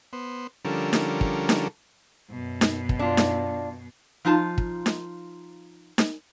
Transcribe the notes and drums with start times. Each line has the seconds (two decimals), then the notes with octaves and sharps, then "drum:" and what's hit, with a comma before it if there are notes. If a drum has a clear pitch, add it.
0.13 B3 C5
0.65 D3 F3 G3 C#4 A4 A#4
0.93 drum: snare D#4
1.21 drum: kick
1.49 drum: snare D#4
2.30 F#2 B2
2.61 drum: snare D#4
2.89 drum: kick
2.99 D4 F4
3.17 drum: snare D#4
4.25 F3 D#4 F4 A5
4.58 drum: kick
4.86 drum: snare D#4
5.98 drum: snare D#4